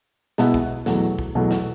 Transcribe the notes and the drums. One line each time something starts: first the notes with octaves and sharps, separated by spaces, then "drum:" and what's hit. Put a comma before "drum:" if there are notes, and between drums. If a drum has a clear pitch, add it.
B2 G#3 B3 E4, drum: snare
drum: kick
E2 B2 F#3 A3, drum: snare
drum: kick
E2 B2 F#3 A3
drum: snare